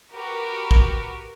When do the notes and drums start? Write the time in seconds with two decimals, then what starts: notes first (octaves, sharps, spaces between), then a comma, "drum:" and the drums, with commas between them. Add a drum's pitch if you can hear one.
0.12 F#4 G4 A#4 B4
0.71 drum: kick